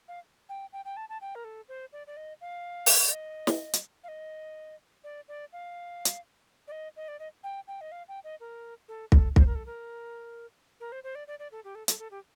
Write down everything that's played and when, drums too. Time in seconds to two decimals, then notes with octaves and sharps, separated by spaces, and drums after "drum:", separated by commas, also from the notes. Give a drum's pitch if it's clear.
0.08 F5
0.49 G5
0.73 G5
0.85 G5
0.97 A5
1.09 A5
1.21 G5
1.35 A#4
1.44 A4
1.69 C5
1.93 D5
2.07 D5
2.17 D#5
2.41 F5
2.86 drum: open hi-hat
3.08 D5
3.12 D#5
3.47 drum: snare
3.73 drum: hi-hat
4.04 F5
4.08 D#5
5.04 D5
5.28 D5
5.53 F5
6.05 drum: hi-hat
6.68 D5
6.72 D#5
6.96 D#5
7.08 D5
7.20 D#5
7.43 G5
7.68 G5
7.81 D#5
7.92 F5
8.08 G5
8.24 D#5
8.40 A#4
8.88 A4
9.12 A4, drum: kick
9.36 C5, drum: kick
9.46 A#4
9.55 A4
9.66 A#4
10.80 A#4
10.92 C5
11.04 C5
11.15 D5
11.27 D5
11.39 D5
11.52 A4
11.64 G4
11.75 A4
11.88 A4, drum: hi-hat
11.99 A4
12.11 G4